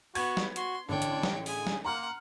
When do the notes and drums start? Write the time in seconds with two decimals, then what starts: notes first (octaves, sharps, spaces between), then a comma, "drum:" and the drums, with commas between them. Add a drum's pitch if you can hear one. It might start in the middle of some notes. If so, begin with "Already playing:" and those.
0.15 B3 F#4 G#6, drum: open hi-hat
0.37 drum: snare
0.56 F#4 C6, drum: hi-hat
0.89 A1 D3 D4 C#5 G5
1.02 drum: hi-hat
1.23 drum: snare
1.46 G#4 G#5, drum: open hi-hat
1.67 drum: snare
1.85 A#3 F#5 A#5 C6 F6